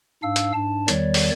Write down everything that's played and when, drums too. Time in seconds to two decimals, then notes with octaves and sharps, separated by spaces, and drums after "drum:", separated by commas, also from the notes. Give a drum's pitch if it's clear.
0.23 G#2 D4 F5 E6
0.36 drum: hi-hat
0.54 G#2 D4 A5
0.88 E2 D#3 G3 C#5 D5, drum: hi-hat
1.14 drum: open hi-hat